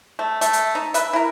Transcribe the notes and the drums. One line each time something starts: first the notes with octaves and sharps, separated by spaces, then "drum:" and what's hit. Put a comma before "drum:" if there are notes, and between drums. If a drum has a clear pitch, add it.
A3
A3, drum: hi-hat
drum: hi-hat
D#4
B4 E5, drum: hi-hat
E4 A#4